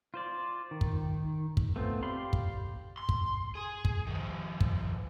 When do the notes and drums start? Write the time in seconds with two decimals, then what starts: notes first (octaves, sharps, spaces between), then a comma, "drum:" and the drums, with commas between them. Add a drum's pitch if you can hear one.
0.14 F4 C5 D5
0.71 D#3
0.81 drum: kick
1.57 drum: kick
1.76 A3 B3 C4 F4
2.03 G4 D5 F5 B5 C6
2.33 drum: kick
2.98 C6
3.09 drum: kick
3.55 G#4
3.85 drum: kick
4.07 D#3 F3
4.61 drum: kick